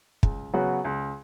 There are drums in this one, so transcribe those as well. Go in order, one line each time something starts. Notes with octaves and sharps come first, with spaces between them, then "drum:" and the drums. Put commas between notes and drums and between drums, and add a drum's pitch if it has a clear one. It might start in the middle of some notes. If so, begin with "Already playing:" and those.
C#2, drum: kick
C#3 F#3 B3 F#4
C#2